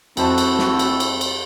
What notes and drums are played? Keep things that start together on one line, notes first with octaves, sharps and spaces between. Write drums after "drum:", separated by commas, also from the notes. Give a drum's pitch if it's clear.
F2 C4 E4 F#4 A4 C5 A5, drum: cymbal
drum: cymbal
drum: snare
drum: cymbal
drum: cymbal
drum: cymbal